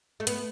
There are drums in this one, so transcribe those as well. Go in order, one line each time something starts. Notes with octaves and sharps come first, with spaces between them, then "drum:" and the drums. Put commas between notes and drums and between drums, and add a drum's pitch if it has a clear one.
A3
B3, drum: hi-hat